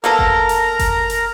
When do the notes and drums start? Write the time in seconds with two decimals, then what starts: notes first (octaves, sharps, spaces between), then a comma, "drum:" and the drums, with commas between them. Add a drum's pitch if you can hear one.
0.04 A#3 B3 A4 A#4 A#5
0.19 drum: kick F#1
0.49 drum: hi-hat
0.79 drum: kick F#1, hi-hat
1.10 drum: hi-hat